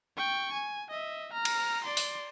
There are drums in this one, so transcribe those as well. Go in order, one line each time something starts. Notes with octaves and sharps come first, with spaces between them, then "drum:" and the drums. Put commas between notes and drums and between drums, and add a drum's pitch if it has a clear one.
G5 C#6
G#5
D#5 E5
A#5 F6
drum: cymbal
D5 C6
drum: open hi-hat